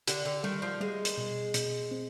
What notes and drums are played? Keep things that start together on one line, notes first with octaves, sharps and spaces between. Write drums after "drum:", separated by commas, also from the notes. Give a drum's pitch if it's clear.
D3 G4, drum: hi-hat
D3
D#3 G3
F3
G3 G#3
drum: hi-hat
B2
B2, drum: hi-hat
C4